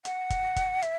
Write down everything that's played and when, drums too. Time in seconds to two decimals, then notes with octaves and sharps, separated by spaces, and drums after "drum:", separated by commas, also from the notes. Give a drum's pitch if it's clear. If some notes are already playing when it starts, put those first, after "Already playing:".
0.05 F#5, drum: hi-hat
0.30 drum: kick, hi-hat
0.56 drum: kick, hi-hat
0.82 E5, drum: hi-hat